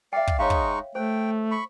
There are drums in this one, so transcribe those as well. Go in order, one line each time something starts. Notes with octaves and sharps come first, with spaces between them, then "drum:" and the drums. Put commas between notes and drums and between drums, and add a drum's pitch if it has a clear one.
D5 E5 F5 G5
drum: kick
G#3 D#4 C#5 F5 C#6
drum: kick
A3 C5 G5
B5 C#6